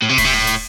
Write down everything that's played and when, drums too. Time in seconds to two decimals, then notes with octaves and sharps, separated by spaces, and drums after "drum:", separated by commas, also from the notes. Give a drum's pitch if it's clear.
0.02 A2
0.09 C3
0.18 A2, drum: kick D#1, open hi-hat
0.25 C3
0.34 A2
0.47 drum: open hi-hat